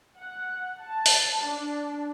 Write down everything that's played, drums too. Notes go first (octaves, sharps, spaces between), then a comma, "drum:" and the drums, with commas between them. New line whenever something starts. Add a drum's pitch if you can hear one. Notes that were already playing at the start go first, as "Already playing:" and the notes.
F#5
A5
drum: open hi-hat
D4